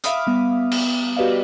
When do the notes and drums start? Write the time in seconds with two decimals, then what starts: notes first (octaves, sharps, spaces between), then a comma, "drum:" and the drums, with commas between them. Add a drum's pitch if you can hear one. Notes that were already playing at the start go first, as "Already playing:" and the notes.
0.04 E5 F5 B5 D6 D#6 F6, drum: hi-hat
0.27 G3 B3
0.71 drum: cymbal
1.17 F#4 G4 B4 D5 D#5 F5